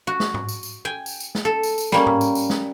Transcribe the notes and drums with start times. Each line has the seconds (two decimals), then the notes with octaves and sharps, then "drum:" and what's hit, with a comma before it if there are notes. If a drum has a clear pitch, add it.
0.07 F#4
0.20 drum: snare
0.34 drum: tom G#2
0.49 drum: tambourine
0.63 drum: tambourine
0.85 G5 G#5
1.06 drum: tambourine
1.20 drum: tambourine
1.35 drum: snare
1.45 A4
1.63 drum: tambourine
1.78 drum: tambourine
1.92 G3 A#3 C#4, drum: snare
2.07 drum: tom G#2
2.21 drum: tambourine
2.35 drum: tambourine
2.50 drum: snare